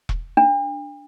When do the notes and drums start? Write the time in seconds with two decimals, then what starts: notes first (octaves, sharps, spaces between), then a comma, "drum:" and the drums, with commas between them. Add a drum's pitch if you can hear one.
0.09 drum: kick E1
0.37 D4